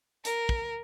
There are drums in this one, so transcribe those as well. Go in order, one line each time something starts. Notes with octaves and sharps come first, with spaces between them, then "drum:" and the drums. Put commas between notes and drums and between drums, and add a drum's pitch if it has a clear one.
A#4, drum: hi-hat
drum: kick